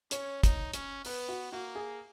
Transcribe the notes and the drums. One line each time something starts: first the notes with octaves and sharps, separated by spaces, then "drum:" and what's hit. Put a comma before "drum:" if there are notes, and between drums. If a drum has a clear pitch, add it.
C#4 C#5, drum: hi-hat
D#4, drum: kick, hi-hat
C#4, drum: hi-hat
B3 B4, drum: open hi-hat
F#4
A#3 F#4
G#4